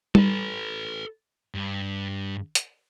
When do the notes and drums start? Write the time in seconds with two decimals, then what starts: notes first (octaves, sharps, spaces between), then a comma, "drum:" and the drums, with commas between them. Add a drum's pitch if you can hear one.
0.15 A4 B4, drum: tom G3
1.55 G2
2.55 drum: hi-hat